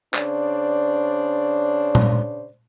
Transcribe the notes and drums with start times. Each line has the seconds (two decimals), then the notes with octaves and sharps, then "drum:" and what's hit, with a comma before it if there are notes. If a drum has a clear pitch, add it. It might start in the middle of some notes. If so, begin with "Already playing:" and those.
0.14 C#3 D4 C5 D5, drum: clap
1.95 drum: tom A#2